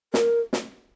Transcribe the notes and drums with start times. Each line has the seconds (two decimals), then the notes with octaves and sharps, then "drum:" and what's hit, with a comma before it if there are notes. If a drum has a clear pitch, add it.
0.14 A#4, drum: snare
0.53 drum: snare